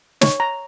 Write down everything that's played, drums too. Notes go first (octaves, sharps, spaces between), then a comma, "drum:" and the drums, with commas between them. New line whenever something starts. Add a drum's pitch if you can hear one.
C#5, drum: snare
A#5